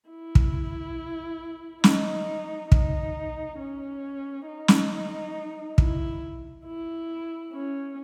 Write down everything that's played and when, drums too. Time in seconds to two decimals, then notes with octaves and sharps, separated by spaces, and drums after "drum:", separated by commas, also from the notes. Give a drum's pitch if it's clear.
0.09 E4
0.35 drum: kick
1.84 D#4, drum: snare
2.72 D#4, drum: kick
3.59 C#4
4.47 D#4
4.68 drum: snare
5.78 E4, drum: kick
6.66 E4
7.53 C#4